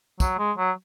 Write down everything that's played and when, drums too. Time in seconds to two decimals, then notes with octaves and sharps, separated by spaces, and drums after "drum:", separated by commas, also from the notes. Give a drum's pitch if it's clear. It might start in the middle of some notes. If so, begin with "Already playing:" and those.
0.20 F#3, drum: kick, tambourine
0.39 G#3
0.58 F#3